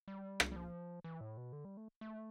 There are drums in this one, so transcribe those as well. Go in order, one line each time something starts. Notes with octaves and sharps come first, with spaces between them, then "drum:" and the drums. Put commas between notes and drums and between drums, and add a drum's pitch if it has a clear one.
G3
drum: rim click
G3
F3
E3
A2
B2
D3
G3
A3
A3